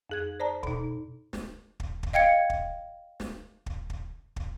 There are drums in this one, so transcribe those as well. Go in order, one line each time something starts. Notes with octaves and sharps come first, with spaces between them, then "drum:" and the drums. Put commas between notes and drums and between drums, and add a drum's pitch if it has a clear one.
F2 G#4 G#6
C5 D5 A5 A#5
B2 D#4, drum: kick
drum: snare
drum: kick
drum: kick
D#5 F5 G5 G#6 C#7
drum: kick
drum: snare
drum: kick
drum: kick
drum: kick